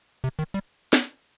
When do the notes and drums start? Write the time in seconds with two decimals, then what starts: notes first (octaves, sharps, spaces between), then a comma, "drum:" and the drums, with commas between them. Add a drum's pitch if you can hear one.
0.24 C3
0.39 D#3
0.54 G3
0.93 drum: snare